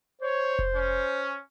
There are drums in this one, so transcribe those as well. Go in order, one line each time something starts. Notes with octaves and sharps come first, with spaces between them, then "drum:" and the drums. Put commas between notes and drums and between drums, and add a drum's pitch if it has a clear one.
C5 C#5
drum: kick F1
C#4